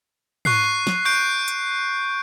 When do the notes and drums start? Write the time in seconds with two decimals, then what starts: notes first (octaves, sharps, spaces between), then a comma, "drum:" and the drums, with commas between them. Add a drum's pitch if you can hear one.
0.45 C#6 F#6 C7, drum: tom G#2
0.87 drum: snare
1.05 C#6 G6 C7 D7
1.48 drum: hi-hat